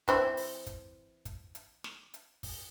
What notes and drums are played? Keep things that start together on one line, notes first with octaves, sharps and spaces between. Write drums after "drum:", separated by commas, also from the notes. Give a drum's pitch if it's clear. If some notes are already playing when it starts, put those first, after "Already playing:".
E3 C4 E4, drum: kick, hi-hat
drum: open hi-hat
drum: kick, hi-hat
drum: kick, hi-hat
drum: hi-hat
drum: snare
drum: hi-hat
drum: kick, open hi-hat